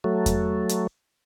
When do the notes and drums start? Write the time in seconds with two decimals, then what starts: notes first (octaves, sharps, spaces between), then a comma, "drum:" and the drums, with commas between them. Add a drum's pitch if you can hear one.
0.04 F#3 A3
0.26 drum: kick E2, hi-hat
0.69 drum: hi-hat